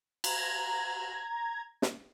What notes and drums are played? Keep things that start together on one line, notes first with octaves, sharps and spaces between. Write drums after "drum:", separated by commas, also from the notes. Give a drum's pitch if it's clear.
A#5 G#6, drum: cymbal
drum: snare